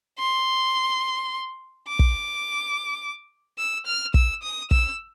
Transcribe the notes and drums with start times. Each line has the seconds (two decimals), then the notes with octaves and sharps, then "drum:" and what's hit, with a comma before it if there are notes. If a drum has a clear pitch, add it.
0.19 C6
1.88 D6
1.99 drum: kick
3.58 E6
3.86 F6
4.14 E6, drum: kick
4.43 D#6
4.71 E6, drum: kick